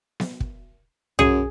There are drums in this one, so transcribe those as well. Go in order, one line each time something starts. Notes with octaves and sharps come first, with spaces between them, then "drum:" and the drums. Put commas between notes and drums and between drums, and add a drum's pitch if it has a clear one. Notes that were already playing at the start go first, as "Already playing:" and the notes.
drum: snare B3
drum: kick
F#2 G#4, drum: tom